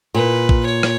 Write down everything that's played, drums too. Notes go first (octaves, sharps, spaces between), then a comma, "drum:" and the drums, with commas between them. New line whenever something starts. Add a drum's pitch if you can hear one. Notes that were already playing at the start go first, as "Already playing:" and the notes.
A#2 B4
drum: kick A#1
C#5
drum: rim click